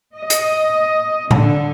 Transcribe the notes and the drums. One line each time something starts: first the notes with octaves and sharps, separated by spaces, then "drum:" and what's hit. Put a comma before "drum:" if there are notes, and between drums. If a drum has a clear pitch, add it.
D#5
drum: hi-hat
D3, drum: tom A2